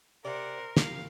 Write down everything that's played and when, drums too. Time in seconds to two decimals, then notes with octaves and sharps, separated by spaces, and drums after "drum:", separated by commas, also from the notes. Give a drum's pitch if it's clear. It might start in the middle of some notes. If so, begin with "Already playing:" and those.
0.25 C3 A#4 C5 D5 F#5
0.77 C2 F3 F5, drum: snare